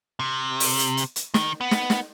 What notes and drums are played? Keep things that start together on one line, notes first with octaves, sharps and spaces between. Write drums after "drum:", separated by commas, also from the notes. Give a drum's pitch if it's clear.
C3
drum: open hi-hat
drum: hi-hat
drum: hi-hat
drum: hi-hat
D#3, drum: snare
B3
drum: snare
drum: snare